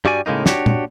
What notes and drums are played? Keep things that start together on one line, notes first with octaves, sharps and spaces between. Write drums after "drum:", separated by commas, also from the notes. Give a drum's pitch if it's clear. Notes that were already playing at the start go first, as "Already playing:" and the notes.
G2 G3 F#4 D5 G#5
A2 C#3 G#3 A#3 D#4
D4 F#4 G4 C#5, drum: snare
drum: tom